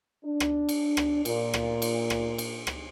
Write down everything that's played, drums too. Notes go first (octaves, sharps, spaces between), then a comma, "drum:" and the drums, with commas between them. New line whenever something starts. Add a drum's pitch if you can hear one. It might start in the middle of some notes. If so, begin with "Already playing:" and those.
D4
drum: rim click
drum: cymbal
drum: rim click
A#2, drum: cymbal
drum: rim click
drum: cymbal
drum: rim click
drum: cymbal
drum: rim click